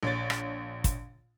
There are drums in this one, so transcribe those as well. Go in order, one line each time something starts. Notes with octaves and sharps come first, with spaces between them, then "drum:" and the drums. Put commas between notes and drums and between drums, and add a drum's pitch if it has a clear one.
A#1 C#5 A6
drum: rim click
drum: kick, hi-hat